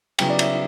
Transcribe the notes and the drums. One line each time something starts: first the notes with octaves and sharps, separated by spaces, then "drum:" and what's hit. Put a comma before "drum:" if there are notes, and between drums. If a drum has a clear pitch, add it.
C#3 F#3 B3 E4 G5, drum: cymbal
D5
E5, drum: cymbal